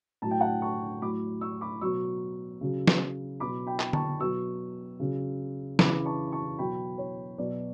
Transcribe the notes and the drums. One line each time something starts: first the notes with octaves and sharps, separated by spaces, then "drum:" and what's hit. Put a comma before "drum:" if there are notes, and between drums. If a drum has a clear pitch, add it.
A2 F#3 A5
G5
F#5 A5
A5 C#6
A2 F#3 B5 D6
C#6 E6
B5 D6
B2 F#3 C#6 E6
C#3 F#3
drum: snare
B2 F#3 B5 D6
G5 B5
drum: clap
A5 C#6, drum: tom D3
B2 F#3 C#6 E6
C#3 F#3
C#3 E3 B5 D6, drum: snare
A5 C#6
A5 C#6
B2 F#3 G5 B5
C#5
B2 F#3 D5